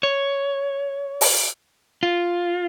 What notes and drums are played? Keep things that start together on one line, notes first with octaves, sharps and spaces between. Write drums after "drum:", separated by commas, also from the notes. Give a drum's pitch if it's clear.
C#5
drum: open hi-hat
F4